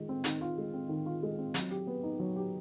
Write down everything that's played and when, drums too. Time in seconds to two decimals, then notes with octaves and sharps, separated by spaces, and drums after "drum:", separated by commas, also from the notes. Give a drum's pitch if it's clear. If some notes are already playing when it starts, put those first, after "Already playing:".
Already playing: D#3 G#3 F4
0.09 C4
0.24 D#3, drum: hi-hat
0.41 F4
0.58 G#3
0.74 C4
0.89 D#3
1.06 F4
1.23 G#3
1.38 C4
1.54 F#3, drum: hi-hat
1.71 G4
1.87 B3
2.03 D#4
2.20 F#3
2.36 G4